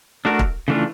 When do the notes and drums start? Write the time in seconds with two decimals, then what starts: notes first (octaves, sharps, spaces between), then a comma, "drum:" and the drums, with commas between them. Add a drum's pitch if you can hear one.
0.25 A3 D4 F#4 A#4
0.39 drum: kick
0.68 C#3 E3 A3 D4 F4